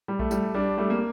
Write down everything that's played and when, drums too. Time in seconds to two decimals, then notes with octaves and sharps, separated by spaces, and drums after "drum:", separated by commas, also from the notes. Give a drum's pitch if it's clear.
0.08 G3
0.19 A3, drum: kick A#1
0.31 G3, drum: tambourine
0.54 G3 D4
0.78 G3 A3
0.90 A#3